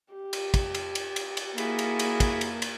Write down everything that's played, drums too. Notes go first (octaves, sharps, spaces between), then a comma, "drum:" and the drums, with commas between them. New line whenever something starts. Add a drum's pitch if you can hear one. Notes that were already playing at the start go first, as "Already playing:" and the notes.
G4
drum: cymbal
drum: kick, cymbal
drum: cymbal
drum: cymbal
drum: cymbal
drum: cymbal
A#3 E4 F#4 G#4, drum: cymbal
drum: cymbal
drum: cymbal
drum: kick, cymbal
drum: cymbal
drum: cymbal